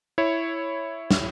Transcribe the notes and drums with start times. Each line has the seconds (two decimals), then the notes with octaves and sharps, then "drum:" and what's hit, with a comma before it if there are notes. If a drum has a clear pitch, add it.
0.18 E4 C#5
1.11 drum: snare